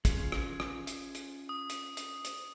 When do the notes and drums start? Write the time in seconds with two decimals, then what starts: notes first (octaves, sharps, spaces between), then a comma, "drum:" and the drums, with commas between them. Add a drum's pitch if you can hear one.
0.05 C#4 F4 G#4, drum: kick, hi-hat
0.32 drum: rim click
0.60 drum: rim click
0.87 drum: hi-hat
1.15 drum: hi-hat
1.49 D#6
1.70 drum: hi-hat
1.97 drum: hi-hat
2.25 drum: hi-hat